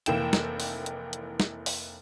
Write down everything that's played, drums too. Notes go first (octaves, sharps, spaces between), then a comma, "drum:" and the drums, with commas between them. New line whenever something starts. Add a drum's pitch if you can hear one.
F1 E3 A#3 G5 E7, drum: hi-hat
drum: snare
drum: open hi-hat
drum: hi-hat
drum: hi-hat
drum: snare
drum: open hi-hat